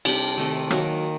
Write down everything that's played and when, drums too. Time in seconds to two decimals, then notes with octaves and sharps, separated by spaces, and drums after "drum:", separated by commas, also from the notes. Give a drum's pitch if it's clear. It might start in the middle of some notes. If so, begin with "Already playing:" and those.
0.05 C3 G3 D4 G4, drum: cymbal
0.38 C3 D#3 A3
0.70 D#3 F#3 A#3, drum: rim click